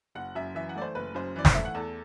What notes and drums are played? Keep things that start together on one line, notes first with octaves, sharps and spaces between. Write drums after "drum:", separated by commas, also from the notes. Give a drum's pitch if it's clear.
F#1 F#5
F#2 E5
E3 E5
F#5
A3 D5
C5
F#1 B4
F#2 C5
E3 D5
C5, drum: snare
A3 E5
F#5
E2 A4